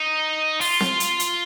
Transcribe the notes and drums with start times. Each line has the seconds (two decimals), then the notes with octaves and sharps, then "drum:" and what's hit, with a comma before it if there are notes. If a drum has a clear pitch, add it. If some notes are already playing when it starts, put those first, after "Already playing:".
Already playing: D#4
0.61 F4, drum: open hi-hat
0.80 drum: snare C4
1.00 drum: hi-hat
1.19 drum: hi-hat